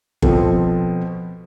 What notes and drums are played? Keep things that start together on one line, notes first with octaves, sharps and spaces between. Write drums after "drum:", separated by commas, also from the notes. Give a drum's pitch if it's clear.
B2 F3 C4 A4, drum: kick G1